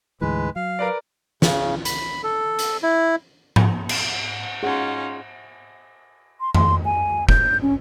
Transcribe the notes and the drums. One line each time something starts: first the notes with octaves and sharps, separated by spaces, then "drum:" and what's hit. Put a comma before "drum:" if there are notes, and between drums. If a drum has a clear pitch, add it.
D2 G#2 E3 G#3 B4
F#3 F5
A#4 B4 D5
C#3, drum: snare
B5, drum: hi-hat
A4
drum: hi-hat
E4
drum: tom G#2
drum: cymbal
C#4 D#4 F4 G#4 F#5
C6
C6, drum: tom
G#5
G6, drum: kick
C#4